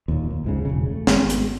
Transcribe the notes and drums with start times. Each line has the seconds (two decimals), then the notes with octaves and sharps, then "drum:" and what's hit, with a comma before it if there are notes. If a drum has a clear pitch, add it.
0.08 D#2 A#2
0.30 D#2
0.44 C#2 G#2 C#3
0.65 E1 A#1 C#3
0.90 A3
1.07 G#1 G#3 B3, drum: snare
1.30 drum: hi-hat